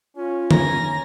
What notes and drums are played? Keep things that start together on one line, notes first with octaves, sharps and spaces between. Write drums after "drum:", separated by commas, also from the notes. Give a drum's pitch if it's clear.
C#4 F4
G#5 A#5 A#6, drum: tom